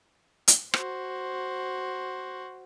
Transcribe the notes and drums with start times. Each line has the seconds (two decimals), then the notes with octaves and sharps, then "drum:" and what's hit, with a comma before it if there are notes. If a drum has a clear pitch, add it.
0.48 drum: hi-hat
0.74 F#4 C5, drum: rim click